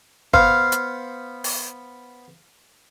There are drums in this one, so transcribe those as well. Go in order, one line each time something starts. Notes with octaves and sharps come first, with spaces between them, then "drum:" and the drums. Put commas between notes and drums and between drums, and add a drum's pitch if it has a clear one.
B3 C5 F5, drum: kick
drum: hi-hat
drum: open hi-hat